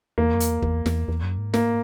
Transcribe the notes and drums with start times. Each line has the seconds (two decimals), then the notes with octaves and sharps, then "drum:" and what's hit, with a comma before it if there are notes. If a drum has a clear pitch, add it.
0.18 E2 A#3
0.35 F#2
0.40 E2, drum: hi-hat
0.62 E2, drum: kick
0.86 E2, drum: snare
1.08 E2
1.23 F#2
1.38 G#2
1.54 A#3, drum: snare